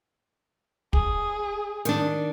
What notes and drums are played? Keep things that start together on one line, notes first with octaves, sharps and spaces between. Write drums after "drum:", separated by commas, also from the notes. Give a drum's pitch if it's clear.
G#4, drum: kick
D#3 D4, drum: hi-hat